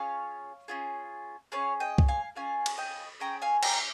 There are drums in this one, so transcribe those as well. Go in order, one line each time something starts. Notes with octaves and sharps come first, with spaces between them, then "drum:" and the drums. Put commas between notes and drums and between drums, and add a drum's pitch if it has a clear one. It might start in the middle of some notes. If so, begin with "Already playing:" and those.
Already playing: C#4 F4 G#4 C#5 F5
C#4 F4 G#4
C#4 F4 G#4 C#5 F5
D#5 G5
drum: kick C2
F5 G#5
C#4 F4 G#4 F5 G#5
drum: cymbal
D#5 G5
C#4 G#4 G5 A#5
F5 G#5
G5 A#5, drum: cymbal